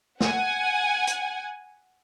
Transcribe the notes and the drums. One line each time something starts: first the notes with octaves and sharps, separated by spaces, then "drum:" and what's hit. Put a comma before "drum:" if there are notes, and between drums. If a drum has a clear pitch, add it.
F#5 G#5, drum: snare
drum: hi-hat